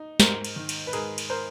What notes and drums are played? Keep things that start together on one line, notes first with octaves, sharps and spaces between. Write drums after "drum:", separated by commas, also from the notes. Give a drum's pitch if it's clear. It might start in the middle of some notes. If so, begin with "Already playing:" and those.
Already playing: D#4
G#2 A#4 C5, drum: snare
drum: cymbal
D#3
drum: cymbal
B4
G#2 G#4 A#4, drum: cymbal
drum: cymbal
A#4 C5